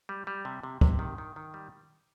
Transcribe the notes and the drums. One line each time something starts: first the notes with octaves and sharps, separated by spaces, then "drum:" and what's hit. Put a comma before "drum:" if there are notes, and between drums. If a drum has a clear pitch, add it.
G3
G3
C3
C3
C3, drum: kick
D#3
D#3
D#3
G3